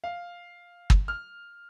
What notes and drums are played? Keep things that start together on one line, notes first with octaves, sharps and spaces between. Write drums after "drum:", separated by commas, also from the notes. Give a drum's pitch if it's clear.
F5
drum: kick
F6